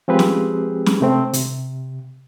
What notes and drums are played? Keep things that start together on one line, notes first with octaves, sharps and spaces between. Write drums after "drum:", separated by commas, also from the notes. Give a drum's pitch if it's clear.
F3 G#3 C4 G4 G#4 B4
drum: snare
drum: snare
C3 A3 C4
C3, drum: hi-hat